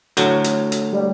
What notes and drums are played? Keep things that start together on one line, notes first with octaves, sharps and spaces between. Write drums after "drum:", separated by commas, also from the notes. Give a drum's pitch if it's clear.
D2 A2 F#3, drum: hi-hat
drum: hi-hat
drum: hi-hat
G3